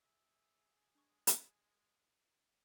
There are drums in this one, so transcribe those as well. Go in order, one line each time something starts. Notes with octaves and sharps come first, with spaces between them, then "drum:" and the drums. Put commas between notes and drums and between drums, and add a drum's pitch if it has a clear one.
G#4 E5
G#3 D4 C#6
drum: hi-hat